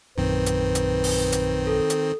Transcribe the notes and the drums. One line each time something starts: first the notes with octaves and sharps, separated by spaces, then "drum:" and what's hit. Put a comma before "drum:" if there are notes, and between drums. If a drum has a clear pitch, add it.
A#1 F#2 D#3 C4 B4
drum: hi-hat
drum: hi-hat
drum: open hi-hat
drum: hi-hat
A4
drum: hi-hat